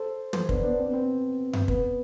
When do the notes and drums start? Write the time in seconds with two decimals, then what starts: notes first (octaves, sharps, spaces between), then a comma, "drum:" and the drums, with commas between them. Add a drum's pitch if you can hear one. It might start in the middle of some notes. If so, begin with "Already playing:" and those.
Already playing: A4 C5
0.33 A4 C5, drum: tom
0.49 B3 D4, drum: kick
0.63 B3 D4
0.79 C4
0.87 B3
0.93 C4
1.53 drum: tom F#2
1.68 B3, drum: kick